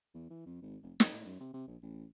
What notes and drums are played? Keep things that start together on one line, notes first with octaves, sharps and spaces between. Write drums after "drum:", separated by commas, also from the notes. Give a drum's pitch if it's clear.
E2
E3
F2
G#1
F1
F2, drum: snare
A2
F#2
C3
C3
A#1
A1